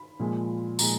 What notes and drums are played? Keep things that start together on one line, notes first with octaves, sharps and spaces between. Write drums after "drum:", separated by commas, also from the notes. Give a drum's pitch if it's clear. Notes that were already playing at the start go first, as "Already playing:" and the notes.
Already playing: B5
A#2 F3 G#3
A#2 F3 G#3 A#5, drum: tambourine